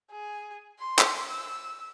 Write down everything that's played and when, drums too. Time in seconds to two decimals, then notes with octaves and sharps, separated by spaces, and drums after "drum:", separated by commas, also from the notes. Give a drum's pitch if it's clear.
0.11 G#4
0.79 C6
0.99 drum: clap
1.29 E6